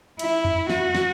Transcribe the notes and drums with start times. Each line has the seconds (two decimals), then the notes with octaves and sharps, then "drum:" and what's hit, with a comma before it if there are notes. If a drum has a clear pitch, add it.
0.19 E4, drum: cymbal
0.45 drum: tom F2
0.70 F#4, drum: snare
0.95 drum: snare